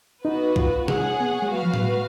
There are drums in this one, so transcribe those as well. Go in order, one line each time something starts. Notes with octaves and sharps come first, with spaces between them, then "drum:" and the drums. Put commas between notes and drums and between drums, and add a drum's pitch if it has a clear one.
B3 D#4 F#4 B4
F4, drum: kick
D#4 G#4 C#5 F#5, drum: tom C3
B3
A#3
G#3
F#3 F#4 B4 F5
F3
F#3, drum: tom A2
G#3